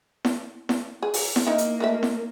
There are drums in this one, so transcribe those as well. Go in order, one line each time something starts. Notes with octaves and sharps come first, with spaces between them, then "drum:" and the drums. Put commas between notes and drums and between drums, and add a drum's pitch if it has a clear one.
drum: snare E4
drum: snare E4
G#4
drum: open hi-hat
drum: snare E4
A#3 D#4 E4
drum: hi-hat
D#3 A3 E5
drum: snare E4